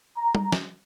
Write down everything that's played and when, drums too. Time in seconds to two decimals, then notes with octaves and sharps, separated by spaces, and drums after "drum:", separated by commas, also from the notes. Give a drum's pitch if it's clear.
0.17 A#5
0.35 drum: tom G3
0.52 drum: snare